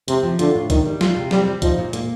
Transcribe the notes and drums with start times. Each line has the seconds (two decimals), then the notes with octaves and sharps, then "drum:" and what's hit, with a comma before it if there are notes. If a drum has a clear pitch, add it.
0.08 C3 C4, drum: hi-hat
0.23 F3
0.39 D3 F4, drum: hi-hat
0.54 A2
0.70 D#3 D4, drum: kick, hi-hat
0.85 G3
1.01 F4, drum: snare
1.16 C3
1.31 G3 C4, drum: snare
1.46 G3
1.62 F3 D#4, drum: kick, hi-hat
1.78 A#2
1.93 A#3, drum: hi-hat